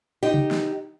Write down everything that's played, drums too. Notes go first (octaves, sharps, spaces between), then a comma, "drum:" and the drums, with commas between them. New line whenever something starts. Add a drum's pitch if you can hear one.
D#4 G4
drum: tom C3
drum: snare